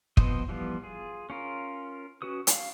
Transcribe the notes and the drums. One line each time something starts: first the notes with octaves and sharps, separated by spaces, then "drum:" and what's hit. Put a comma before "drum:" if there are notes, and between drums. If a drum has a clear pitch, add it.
F3 B3 C4 C5 D#5, drum: kick
E3 F3 G3 B3 F4
F4 G#4
C#4 F4 A#4
C#4 F#4 B4 D#6
F5, drum: hi-hat